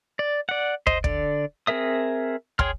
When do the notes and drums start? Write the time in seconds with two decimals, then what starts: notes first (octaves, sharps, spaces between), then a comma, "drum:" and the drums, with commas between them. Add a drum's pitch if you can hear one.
0.19 D5
0.49 D5 F#5
0.87 C5 D#5, drum: kick
1.04 D3 D5, drum: kick
1.67 C4 G#4 A#4 E5 D#6
2.59 G#4 C#5 G5 C6 F6, drum: kick